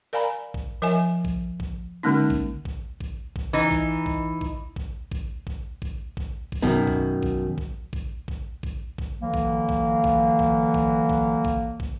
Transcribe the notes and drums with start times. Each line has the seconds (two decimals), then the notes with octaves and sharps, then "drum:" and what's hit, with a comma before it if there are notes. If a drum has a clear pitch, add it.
0.13 A#4 D5 F5 G#5 A#5 B5
0.54 drum: kick
0.82 F3 A#4 D#5 E5 G#5
1.25 drum: kick
1.60 drum: kick
2.03 D3 G#3 A#3 C#4 D#4
2.30 drum: kick
2.65 drum: kick
3.01 drum: kick
3.36 drum: kick
3.53 E3 D#4
3.71 drum: kick
4.06 drum: kick
4.41 drum: kick
4.76 drum: kick
5.12 drum: kick
5.47 drum: kick
5.82 drum: kick
6.17 drum: kick
6.52 drum: kick
6.62 F#2 B2 D#3
6.87 drum: kick
7.23 drum: kick
7.58 drum: kick
7.93 drum: kick
8.28 drum: kick
8.63 drum: kick
8.98 drum: kick
9.21 D3 E3 F#3 A#3
9.34 drum: kick
9.69 drum: kick
10.04 drum: kick
10.39 drum: kick
10.74 drum: kick
11.09 drum: kick
11.45 drum: kick
11.80 drum: kick